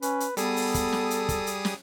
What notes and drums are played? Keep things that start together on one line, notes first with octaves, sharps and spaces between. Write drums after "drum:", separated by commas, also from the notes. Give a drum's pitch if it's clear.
C#4 B4, drum: hi-hat
drum: hi-hat
G3 B3 G#4 A4 D#6, drum: hi-hat
drum: open hi-hat
drum: kick, hi-hat
drum: snare
drum: hi-hat
drum: kick, hi-hat
drum: hi-hat
drum: snare